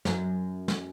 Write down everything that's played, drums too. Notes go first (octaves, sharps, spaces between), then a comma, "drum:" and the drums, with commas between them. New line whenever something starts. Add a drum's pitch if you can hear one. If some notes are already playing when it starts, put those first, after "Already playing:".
F#2, drum: snare
drum: snare